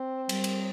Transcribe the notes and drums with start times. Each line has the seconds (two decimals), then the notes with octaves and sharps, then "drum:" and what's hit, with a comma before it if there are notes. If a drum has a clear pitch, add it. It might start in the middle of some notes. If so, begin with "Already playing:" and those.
Already playing: C4
0.29 G3, drum: cymbal
0.44 drum: cymbal